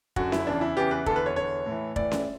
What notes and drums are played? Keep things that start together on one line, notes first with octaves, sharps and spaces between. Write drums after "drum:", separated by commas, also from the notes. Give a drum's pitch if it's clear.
F#2 D3 F#4, drum: kick
E4, drum: snare C#4
E2 C#3 E3 D4
E4
E2 C#3 E3 G4
B4
E2 D3 A4, drum: kick
B4
C#5
E2 D3 C#5
A2 E3
A2 E3 D5, drum: kick
drum: snare C#4